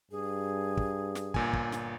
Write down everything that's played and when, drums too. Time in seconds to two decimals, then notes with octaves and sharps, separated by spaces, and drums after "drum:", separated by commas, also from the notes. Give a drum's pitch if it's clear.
0.11 G2 G#4
0.77 drum: kick
1.15 drum: snare
1.34 G1 A#2 G#5, drum: kick
1.53 drum: kick
1.72 drum: snare